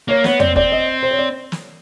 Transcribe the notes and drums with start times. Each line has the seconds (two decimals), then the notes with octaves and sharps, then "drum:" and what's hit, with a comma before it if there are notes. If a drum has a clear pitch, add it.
0.08 A#3 C#5
0.24 B3 C#5, drum: snare
0.40 C4 D5, drum: tom E2
0.56 C4 D5, drum: kick F#1
0.72 D#5
1.03 C5
1.11 C#5
1.19 D5
1.52 drum: snare